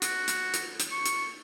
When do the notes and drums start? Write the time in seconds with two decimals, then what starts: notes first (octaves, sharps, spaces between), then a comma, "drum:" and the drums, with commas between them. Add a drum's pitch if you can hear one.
0.02 F#4, drum: hi-hat
0.27 drum: hi-hat
0.53 drum: hi-hat
0.79 drum: hi-hat
0.91 C#6
1.05 drum: hi-hat